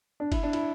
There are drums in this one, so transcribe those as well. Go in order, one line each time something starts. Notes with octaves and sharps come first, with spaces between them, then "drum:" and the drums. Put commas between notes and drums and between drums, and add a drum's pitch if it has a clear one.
D4
E4, drum: kick F#1, cymbal
D4
E4, drum: cymbal